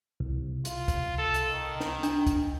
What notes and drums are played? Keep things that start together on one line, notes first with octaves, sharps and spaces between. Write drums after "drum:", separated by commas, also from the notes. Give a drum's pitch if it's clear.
C2
F4, drum: hi-hat
drum: kick, hi-hat
A4
drum: hi-hat
D#3
drum: snare
D4, drum: hi-hat
drum: kick, hi-hat